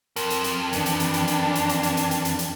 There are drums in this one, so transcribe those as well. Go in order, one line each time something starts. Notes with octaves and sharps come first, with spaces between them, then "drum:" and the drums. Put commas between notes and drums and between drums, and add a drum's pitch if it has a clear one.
F2 A#4 C6, drum: hi-hat
drum: hi-hat
drum: hi-hat
F#2 D#3 E3 D4, drum: hi-hat
drum: hi-hat
drum: hi-hat
drum: hi-hat
drum: hi-hat
drum: hi-hat
drum: hi-hat
drum: hi-hat
drum: hi-hat
drum: hi-hat
drum: hi-hat
drum: hi-hat